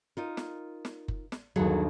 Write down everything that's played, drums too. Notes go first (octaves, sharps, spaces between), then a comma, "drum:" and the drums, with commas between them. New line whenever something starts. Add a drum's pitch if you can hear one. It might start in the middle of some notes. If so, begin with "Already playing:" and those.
D#4 F4 A#4
drum: snare
drum: snare
drum: kick F#1
drum: snare
G1 D#2 F#3 G#4 A4